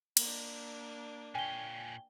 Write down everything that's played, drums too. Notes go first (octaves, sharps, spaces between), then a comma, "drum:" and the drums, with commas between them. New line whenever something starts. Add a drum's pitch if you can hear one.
A#3 D4, drum: cymbal
A#2 C#5 G5 G#5 G7